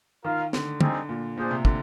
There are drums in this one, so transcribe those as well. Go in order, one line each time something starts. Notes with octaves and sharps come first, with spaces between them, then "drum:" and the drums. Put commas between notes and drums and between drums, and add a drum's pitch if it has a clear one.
D#3 F4 A#4 F5
D3, drum: snare
D3 G3 C4 D#4 G#4, drum: tom
A#2
A#2 D4 G#4 C5
C3
D3, drum: kick